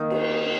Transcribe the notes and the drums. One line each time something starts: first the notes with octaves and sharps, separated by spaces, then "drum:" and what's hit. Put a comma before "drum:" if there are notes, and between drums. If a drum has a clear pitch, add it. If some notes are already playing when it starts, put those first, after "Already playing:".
Already playing: D#3 A#3 D#4
drum: cymbal